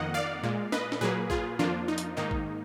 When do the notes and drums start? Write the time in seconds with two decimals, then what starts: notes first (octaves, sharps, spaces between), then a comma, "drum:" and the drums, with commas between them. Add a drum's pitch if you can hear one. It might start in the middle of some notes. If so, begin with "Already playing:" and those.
Already playing: F2 D#3 A#3 D#5 F#5
0.14 D5 F5
0.43 A#2 G#3
0.72 B4 D#5, drum: snare
0.92 drum: snare
1.01 A#2 F#3 A#3 G#4 B4
1.30 F4 G#4, drum: kick A1
1.59 F2 F3 A#3 D4 F4, drum: tom D#3
1.88 D#4
1.98 drum: hi-hat
2.17 G#2 D#3 A#3 D#4
2.31 drum: kick A1